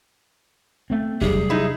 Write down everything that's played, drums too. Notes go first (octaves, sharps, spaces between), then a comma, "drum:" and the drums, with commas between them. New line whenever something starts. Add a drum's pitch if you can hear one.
A3 C4
C3 F#3 G3 D4 G#4, drum: kick E2
D#4 E4